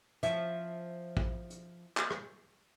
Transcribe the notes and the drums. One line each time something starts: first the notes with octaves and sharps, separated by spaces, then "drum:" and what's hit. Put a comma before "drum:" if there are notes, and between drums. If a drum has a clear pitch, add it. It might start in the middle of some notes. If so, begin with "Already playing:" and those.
F3 C#4 E5, drum: hi-hat
drum: kick
drum: hi-hat
drum: clap
drum: rim click